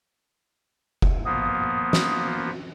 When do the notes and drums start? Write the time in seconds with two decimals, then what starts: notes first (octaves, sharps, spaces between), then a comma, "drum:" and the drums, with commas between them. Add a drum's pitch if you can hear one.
1.02 drum: kick F1
1.25 F3 A#3 B3 D#6
1.93 drum: snare